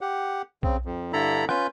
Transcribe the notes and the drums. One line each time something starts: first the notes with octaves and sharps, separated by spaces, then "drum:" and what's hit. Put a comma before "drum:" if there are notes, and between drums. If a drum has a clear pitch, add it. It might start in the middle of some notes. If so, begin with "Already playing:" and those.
G4 F#5
C#3 C4, drum: kick B1
F2
G2 D3 E4 A4 A#5 B5
C#4 F4 B4 G6, drum: rim click